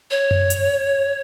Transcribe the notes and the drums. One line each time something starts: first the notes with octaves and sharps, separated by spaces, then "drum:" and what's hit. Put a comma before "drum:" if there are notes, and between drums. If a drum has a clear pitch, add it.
C#5
drum: tom F#2
drum: hi-hat